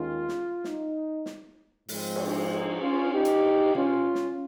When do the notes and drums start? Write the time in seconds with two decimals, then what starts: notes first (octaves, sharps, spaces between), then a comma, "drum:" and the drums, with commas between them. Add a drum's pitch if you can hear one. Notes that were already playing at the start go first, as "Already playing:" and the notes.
Already playing: D#2 D#3 G#3 C#4 F4
0.29 drum: snare
0.64 D#4, drum: snare
1.26 drum: snare
1.89 G#2 F3 G#3 C4, drum: open hi-hat
2.16 drum: cymbal
2.51 D#4
2.81 C#4 F4
3.12 D#4 G4
3.25 drum: hi-hat
3.75 C#4 F4, drum: tom B2
4.15 drum: snare